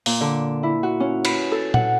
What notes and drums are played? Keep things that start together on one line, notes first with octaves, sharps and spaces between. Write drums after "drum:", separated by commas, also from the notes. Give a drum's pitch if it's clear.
A#2, drum: open hi-hat
D3
E4
F#4
C#4
B4, drum: cymbal
A4
F#5, drum: tom A#2